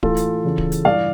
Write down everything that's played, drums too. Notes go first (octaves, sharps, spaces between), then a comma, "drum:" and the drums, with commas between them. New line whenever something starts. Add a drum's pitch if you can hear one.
A2 E3 F4 A4, drum: kick D1
drum: hi-hat
E2 C#3 E3
drum: kick D1
drum: hi-hat
G2 E3 D5 F5